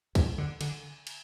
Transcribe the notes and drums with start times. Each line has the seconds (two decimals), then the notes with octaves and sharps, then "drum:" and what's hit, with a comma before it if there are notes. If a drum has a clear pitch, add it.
0.15 G#2, drum: kick, cymbal
0.38 D3
0.61 D3, drum: cymbal
1.07 drum: cymbal